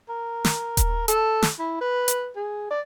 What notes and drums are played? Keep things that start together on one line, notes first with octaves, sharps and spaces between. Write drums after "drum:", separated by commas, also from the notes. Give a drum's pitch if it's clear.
A#4
drum: snare
drum: kick D#1, hi-hat
A4, drum: hi-hat
drum: snare
E4
B4
drum: hi-hat
G#4
D5